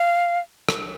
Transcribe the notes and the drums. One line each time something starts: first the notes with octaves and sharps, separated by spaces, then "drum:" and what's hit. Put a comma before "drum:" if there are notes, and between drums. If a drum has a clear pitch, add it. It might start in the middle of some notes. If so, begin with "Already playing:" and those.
Already playing: F5
drum: rim click